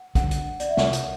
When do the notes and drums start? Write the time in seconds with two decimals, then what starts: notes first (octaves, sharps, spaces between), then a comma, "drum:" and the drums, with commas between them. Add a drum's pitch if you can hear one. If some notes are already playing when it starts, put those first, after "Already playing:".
Already playing: F#5
0.15 D2 D3 G3 D4 F#5, drum: kick, hi-hat
0.31 drum: hi-hat
0.60 D5, drum: hi-hat
0.68 E5
0.77 C2 C3 G3 F#5, drum: snare
0.93 drum: hi-hat